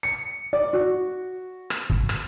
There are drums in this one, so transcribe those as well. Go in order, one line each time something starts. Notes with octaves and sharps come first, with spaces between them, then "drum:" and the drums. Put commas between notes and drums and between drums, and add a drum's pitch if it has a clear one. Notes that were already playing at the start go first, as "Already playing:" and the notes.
C#7
D5
F#4
drum: rim click
drum: kick
drum: rim click